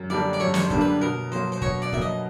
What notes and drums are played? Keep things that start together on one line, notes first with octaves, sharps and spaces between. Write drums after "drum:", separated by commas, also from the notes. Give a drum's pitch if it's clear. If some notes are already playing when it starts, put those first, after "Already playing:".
Already playing: F#2
D3 G3 A#3 D4 D5
D5
F#2 C#5
C#5, drum: snare
C5
D3 G3 A#3 D4 C5, drum: kick
B4
B2 A#4
F#3 A#3 C5
C5
B2 C#5, drum: kick
D5
F#3 A#3 E5, drum: kick
D#5